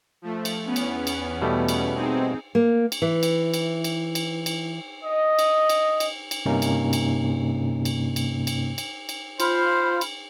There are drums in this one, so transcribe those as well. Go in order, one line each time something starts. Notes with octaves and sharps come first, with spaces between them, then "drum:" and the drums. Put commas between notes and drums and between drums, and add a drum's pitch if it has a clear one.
F3 A3
drum: cymbal
E2 B3 C#4
drum: cymbal
drum: cymbal
B2 G3 A3
drum: cymbal
C4 D#4 G#4
A#3
drum: cymbal
E3
drum: cymbal
drum: cymbal
drum: cymbal
drum: cymbal
drum: cymbal
D#5
drum: cymbal
drum: cymbal
drum: cymbal
drum: cymbal
G2 C3 A#3 C#4 D#4
drum: cymbal
drum: cymbal
drum: cymbal
drum: cymbal
drum: cymbal
drum: cymbal
drum: cymbal
F4 C5 B5 C6 F6, drum: cymbal
drum: cymbal